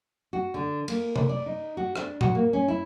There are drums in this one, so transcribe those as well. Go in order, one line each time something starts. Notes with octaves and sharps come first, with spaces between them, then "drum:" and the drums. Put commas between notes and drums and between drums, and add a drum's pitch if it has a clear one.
F#4
D3
A#3, drum: cymbal
drum: tom C3
D5
D#4
F#4
D4, drum: rim click
F#4, drum: tom A#2
A#3
C#4
E4